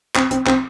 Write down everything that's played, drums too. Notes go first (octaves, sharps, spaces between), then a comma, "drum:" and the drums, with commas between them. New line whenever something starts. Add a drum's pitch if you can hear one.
C4, drum: clap
C4, drum: hi-hat
C4, drum: clap